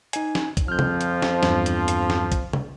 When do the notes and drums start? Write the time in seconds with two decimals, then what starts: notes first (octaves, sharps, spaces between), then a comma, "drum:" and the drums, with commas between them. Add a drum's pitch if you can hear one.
0.13 D#4 G#5, drum: hi-hat
0.35 drum: snare
0.57 drum: kick, hi-hat
0.68 F2 F3 F6 G6
0.79 drum: tom C3
1.01 drum: hi-hat
1.22 drum: snare
1.43 E2 G2, drum: snare
1.66 drum: hi-hat
1.88 drum: hi-hat
2.10 drum: snare
2.32 drum: kick, hi-hat
2.53 drum: tom C3